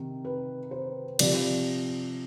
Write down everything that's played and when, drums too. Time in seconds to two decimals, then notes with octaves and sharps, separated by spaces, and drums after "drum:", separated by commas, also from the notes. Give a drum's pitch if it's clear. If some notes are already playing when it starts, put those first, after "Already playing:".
Already playing: C3 D#3
0.25 B4
0.71 C5
1.19 C3 F3 D5, drum: cymbal